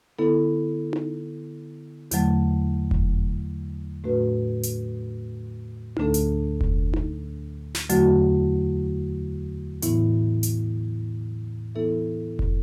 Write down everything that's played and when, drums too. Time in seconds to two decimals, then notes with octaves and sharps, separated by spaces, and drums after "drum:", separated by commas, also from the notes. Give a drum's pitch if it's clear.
0.19 D3 B3 E4 A4
0.93 drum: tom D#4
2.11 E2 D3 F#3 A3, drum: hi-hat
2.91 drum: kick F1
4.04 A2 A3 D4 F#4 B4
4.63 drum: hi-hat
5.97 D2 D3 A3 D4 A4, drum: tom D#4
6.14 drum: hi-hat
6.61 drum: kick F1
6.94 drum: tom D#4
7.75 drum: snare
7.89 E2 D3 F#3 A3 F#4, drum: hi-hat
9.82 A2 E3 B3 E4, drum: hi-hat
10.43 drum: hi-hat
11.75 E3 B3 E4 A4 E5
12.39 drum: kick F1